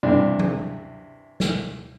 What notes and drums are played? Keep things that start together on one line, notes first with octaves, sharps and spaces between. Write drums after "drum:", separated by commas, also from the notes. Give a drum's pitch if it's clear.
G2 C3 E3 D4
drum: tom F#3
drum: snare